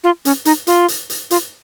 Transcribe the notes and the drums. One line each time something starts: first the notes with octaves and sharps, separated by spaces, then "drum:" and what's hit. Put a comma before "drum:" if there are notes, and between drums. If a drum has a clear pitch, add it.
F4
C#4, drum: hi-hat
D#4, drum: hi-hat
F4, drum: hi-hat
drum: hi-hat
drum: hi-hat
F4, drum: hi-hat